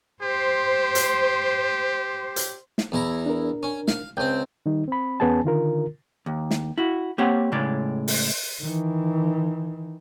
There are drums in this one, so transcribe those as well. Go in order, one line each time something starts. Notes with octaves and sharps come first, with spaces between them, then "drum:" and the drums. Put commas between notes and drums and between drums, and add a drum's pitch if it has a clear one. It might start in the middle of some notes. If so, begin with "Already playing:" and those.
G4 C5
drum: hi-hat
drum: hi-hat
drum: snare
E2 E4 A#5
D4 A#4
C#4
F5, drum: snare
C#2 C4 G5 G6
D#3 G3 D#4
C4 B5
E2 B3 C#4 G#4 G#5 A5
D3 D#3 F4 A#4
D#2
drum: snare
E4 F#4
A#3 C4 G4 C#5 F#5
A2 C#3 G#3 D5
drum: open hi-hat
D#3 E3